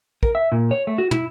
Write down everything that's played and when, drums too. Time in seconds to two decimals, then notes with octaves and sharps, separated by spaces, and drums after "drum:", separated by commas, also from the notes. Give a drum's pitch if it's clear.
0.23 A#4, drum: kick
0.35 E5
0.52 A#2
0.71 C#5
0.87 A3
0.98 F#4
1.11 E4, drum: tom